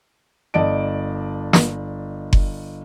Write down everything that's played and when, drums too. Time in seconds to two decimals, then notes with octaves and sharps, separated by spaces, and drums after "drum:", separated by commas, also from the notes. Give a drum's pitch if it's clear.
0.54 G1 D5 D#5 A5 D7
1.53 drum: snare
2.33 drum: kick F#1